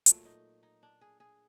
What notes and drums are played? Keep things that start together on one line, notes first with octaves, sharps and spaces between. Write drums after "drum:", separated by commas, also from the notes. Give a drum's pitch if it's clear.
A#2 F#3 A3, drum: hi-hat
D#4
D#4
D4
G#4
G#4